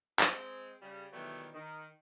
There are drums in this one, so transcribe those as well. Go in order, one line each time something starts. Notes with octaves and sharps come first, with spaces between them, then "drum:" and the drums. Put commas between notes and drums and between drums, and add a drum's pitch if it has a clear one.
G#3 C4, drum: clap
C#3 G3
B2 D#3 E3 F#3 G3 A3
D#3